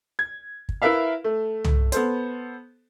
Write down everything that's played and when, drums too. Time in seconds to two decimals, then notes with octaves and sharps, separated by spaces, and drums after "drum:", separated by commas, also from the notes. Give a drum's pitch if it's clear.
0.19 G#6
0.69 drum: kick
0.82 E4 A#4 B4 E5 F5
1.24 A3
1.65 drum: tom
1.92 B3 A4 C5, drum: hi-hat